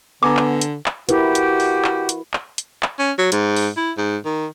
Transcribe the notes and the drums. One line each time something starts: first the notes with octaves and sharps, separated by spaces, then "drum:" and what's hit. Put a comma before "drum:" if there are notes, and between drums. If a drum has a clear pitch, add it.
D3 B3 A4 G#5 A#5 D6
drum: clap
drum: hi-hat
drum: clap
E4 F#4 G4 A#4 B4, drum: hi-hat
drum: hi-hat
drum: open hi-hat
drum: clap
drum: hi-hat
drum: clap
drum: hi-hat
drum: clap
C#4
F#3
G#2, drum: hi-hat
drum: open hi-hat
E4
G#2
D#3